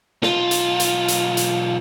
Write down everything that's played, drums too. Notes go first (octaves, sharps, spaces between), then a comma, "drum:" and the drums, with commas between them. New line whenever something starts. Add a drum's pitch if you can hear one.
B1 F4, drum: snare
drum: hi-hat
drum: hi-hat
drum: hi-hat
drum: hi-hat